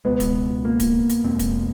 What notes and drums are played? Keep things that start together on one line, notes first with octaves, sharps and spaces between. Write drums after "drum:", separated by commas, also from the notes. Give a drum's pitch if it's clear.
C#2 B2 G#3 B3
drum: kick D1, hi-hat
A#3
drum: kick D1, hi-hat
drum: hi-hat
E2 B2 G#3 C4
drum: kick D1, hi-hat